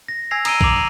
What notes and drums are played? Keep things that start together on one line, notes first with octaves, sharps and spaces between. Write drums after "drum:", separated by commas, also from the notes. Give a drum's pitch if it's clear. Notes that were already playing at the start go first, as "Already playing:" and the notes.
A#6
G#5 E6 G#6 A#6 C7 F7
A#5 D#6 E6 D7 D#7 G7, drum: cymbal
A#5 D6 C7 F7 F#7, drum: kick